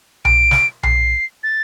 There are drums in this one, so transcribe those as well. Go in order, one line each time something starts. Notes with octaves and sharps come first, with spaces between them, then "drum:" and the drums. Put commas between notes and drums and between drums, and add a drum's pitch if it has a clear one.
D7, drum: tom B1
drum: snare
C7, drum: tom B1
A6